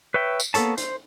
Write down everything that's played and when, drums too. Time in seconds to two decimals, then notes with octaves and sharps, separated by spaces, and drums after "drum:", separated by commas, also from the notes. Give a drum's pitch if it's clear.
0.14 B4 C#5 E5 G5
0.40 drum: tambourine
0.54 A#3 B3 A4 C#5 A5, drum: hi-hat
0.77 C5, drum: hi-hat